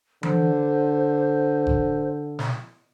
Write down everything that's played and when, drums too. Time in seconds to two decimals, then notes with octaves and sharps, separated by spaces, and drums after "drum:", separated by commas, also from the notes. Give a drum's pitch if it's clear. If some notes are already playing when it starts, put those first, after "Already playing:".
0.23 D3 C5, drum: tom E3
1.67 drum: kick F#1
2.39 drum: snare